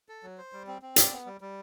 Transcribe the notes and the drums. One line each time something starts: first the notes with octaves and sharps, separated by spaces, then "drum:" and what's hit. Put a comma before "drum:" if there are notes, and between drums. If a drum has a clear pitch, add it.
A4
F#3
C5
G3
C4
C4
D5, drum: hi-hat
B3
G3
G3